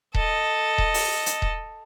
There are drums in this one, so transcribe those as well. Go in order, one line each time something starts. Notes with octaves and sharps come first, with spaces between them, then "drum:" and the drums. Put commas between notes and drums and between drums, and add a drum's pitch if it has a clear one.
A4 D#5, drum: kick D#1
drum: kick D#1
drum: open hi-hat
drum: hi-hat
drum: kick D#1